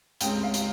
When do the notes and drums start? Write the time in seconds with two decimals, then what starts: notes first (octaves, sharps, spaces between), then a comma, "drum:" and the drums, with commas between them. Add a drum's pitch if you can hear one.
0.21 C#2 C#3 G#3 C4 G5, drum: hi-hat
0.43 F5
0.54 drum: hi-hat